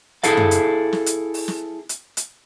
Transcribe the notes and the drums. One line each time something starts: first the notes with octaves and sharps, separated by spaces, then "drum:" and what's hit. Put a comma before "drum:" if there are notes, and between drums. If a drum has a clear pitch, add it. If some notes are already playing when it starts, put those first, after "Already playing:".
E4 G#4 A4 F5, drum: hi-hat
drum: tom F#2
drum: hi-hat
drum: snare
drum: hi-hat
drum: open hi-hat
drum: snare
drum: hi-hat
drum: hi-hat